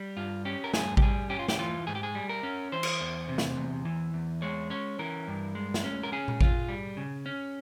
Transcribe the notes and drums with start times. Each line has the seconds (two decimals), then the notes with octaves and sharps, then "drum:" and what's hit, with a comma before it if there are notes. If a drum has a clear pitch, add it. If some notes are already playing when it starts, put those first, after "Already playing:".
Already playing: G3
0.16 G2 F4
0.45 C#4 G4
0.64 A#4
0.74 G2 G#4, drum: snare
0.97 G4, drum: kick A1
1.02 G3 G#4
1.30 C#4 G4
1.39 F4
1.48 G4, drum: snare
1.59 E3 F4
1.87 G#2 G#4
1.95 G4
2.03 G#4
2.15 G3
2.29 A#4
2.43 C#4
2.72 E3 C5
2.83 drum: cymbal
3.01 E2
3.29 C3
3.38 drum: snare
3.57 E2
3.85 E3
4.14 E2
4.42 G#3 C#5
4.70 C#4 C#5
4.99 E3 A#4
5.28 G2
5.55 G#3
5.74 drum: snare
5.84 C#4
6.03 A#4
6.12 C#4 G#4
6.28 drum: tom A#2
6.41 F4, drum: kick A1
6.68 G3
6.97 C#3
7.26 C#4